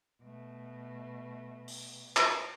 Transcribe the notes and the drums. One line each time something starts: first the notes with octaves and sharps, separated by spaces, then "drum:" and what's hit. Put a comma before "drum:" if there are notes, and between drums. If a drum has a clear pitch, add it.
B2 A3
drum: open hi-hat
drum: clap